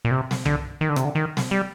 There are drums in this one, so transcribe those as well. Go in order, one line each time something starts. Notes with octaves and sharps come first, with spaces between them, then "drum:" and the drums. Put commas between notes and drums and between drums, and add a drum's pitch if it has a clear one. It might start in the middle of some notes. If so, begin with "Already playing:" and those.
A#2
C3
drum: snare
D3, drum: tom C2
D#3
D3
C3, drum: rim click
D3
D#3
drum: snare
G3